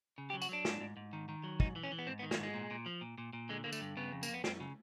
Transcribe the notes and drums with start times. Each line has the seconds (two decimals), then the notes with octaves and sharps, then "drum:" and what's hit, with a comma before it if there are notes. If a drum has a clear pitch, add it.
0.18 C#3
0.30 G4
0.33 F#3
0.42 F#4, drum: tambourine
0.49 F#3 D4
0.65 G#2, drum: snare
0.81 G#2
0.97 G#2
1.13 D#3
1.29 D#3
1.44 F#3
1.60 G#2 D#4, drum: kick
1.76 E3
1.83 C#4
1.91 E3
1.99 B3
2.07 G#2 C4
2.19 B3
2.23 D#3
2.31 A#3, drum: snare
2.39 G#2 G#3
2.54 A#2
2.71 A#2
2.86 F3
3.01 A#2
3.18 A#2
3.33 A#2
3.49 D3 G#3
3.64 D3 A#3
3.72 A3, drum: tambourine
3.81 G2
3.97 C#3 B3
4.12 F2
4.23 A#3, drum: tambourine
4.28 F2
4.34 B3
4.44 F#2 C4, drum: snare
4.60 C#3